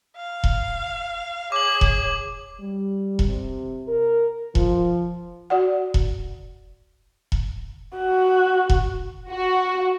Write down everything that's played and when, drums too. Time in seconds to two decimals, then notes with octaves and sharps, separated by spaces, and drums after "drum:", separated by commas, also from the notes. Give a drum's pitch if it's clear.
0.17 F5
0.44 drum: kick E1
1.52 G#4 C#5 D6 F#7
1.81 drum: kick E1
2.60 G3
3.19 drum: kick E1
3.28 C3
3.88 A#4
4.55 F3, drum: kick E1
5.50 F#4 D5 F#5
5.94 drum: kick E1
7.32 drum: kick E1
7.97 F#4
8.69 drum: kick E1
9.30 F#4